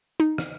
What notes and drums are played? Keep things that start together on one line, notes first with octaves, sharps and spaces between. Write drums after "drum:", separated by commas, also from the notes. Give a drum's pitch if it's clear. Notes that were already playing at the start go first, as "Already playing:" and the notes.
D#4
drum: rim click